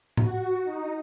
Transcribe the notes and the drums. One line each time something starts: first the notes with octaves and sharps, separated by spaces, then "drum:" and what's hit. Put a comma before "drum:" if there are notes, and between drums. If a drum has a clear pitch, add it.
F#4, drum: tom A2
D#4